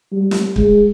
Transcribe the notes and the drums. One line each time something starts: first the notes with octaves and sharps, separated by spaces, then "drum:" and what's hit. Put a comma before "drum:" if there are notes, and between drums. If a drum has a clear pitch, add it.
G3
drum: snare
G#3, drum: kick